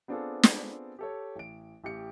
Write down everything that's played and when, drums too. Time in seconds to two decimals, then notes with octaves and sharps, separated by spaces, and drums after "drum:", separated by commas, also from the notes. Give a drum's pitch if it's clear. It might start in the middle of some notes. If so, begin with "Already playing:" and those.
0.08 B3 C4 D4 F4 G#4 A4
0.43 drum: snare
0.99 G4 A4 C#5
1.36 A1 D7
1.84 A1 G4 C#7